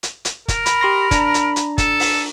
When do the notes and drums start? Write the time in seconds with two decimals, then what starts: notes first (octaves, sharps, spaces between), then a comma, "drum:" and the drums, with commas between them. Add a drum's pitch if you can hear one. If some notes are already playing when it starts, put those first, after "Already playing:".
0.03 drum: hi-hat
0.25 drum: hi-hat
0.48 A#4, drum: kick, hi-hat
0.66 B5, drum: hi-hat
0.81 G4 C6 A#6
1.11 D4 A#5, drum: kick, hi-hat
1.34 drum: hi-hat
1.56 drum: hi-hat
1.78 A4, drum: kick, hi-hat
2.00 drum: open hi-hat